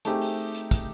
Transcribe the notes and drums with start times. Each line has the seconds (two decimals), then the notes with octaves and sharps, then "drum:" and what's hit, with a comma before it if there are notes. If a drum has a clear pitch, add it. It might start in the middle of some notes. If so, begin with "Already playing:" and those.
0.05 A3 C4 D#4 G4 G#4, drum: hi-hat
0.22 drum: open hi-hat
0.55 drum: hi-hat
0.71 drum: kick, hi-hat